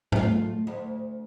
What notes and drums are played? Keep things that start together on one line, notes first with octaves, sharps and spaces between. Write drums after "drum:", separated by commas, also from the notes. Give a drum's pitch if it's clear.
A3 F4, drum: tom G#2
D2